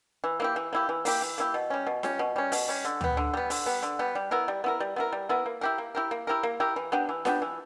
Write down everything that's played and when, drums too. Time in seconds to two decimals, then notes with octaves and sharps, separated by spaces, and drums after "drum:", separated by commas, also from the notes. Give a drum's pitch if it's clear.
0.24 E3
0.40 A#3 E4 G4
0.56 E3
0.73 A#3 E4 G4
0.89 E3
1.05 A#3 E4 G4, drum: open hi-hat
1.22 E3
1.38 A#3 E4 G4
1.54 B2
1.70 G3 C#4
1.87 B2
2.03 G3 C#4, drum: snare F4
2.19 B2
2.36 G3 C#4
2.52 B2, drum: open hi-hat
2.68 G3 C#4
2.85 D3
3.01 G3 B3, drum: tom D2
3.17 D3
3.34 G3 B3
3.50 D3, drum: open hi-hat
3.66 G3 B3
3.83 D3
3.99 G3 B3
4.15 G3
4.31 B3 E4 A#4
4.48 G3
4.64 B3 E4 A#4
4.80 G3
4.96 B3 E4 A#4
5.12 G3
5.29 B3 E4 A#4
5.46 A#3
5.61 E4 G4 A#4
5.78 A#3
5.95 E4 G4 A#4
6.11 A#3
6.27 E4 G4 A#4
6.43 A#3
6.60 E4 G4 A#4
6.76 E3
6.92 B3 D4 G4
7.09 E3
7.25 B3 D4 G4, drum: snare F4
7.42 E3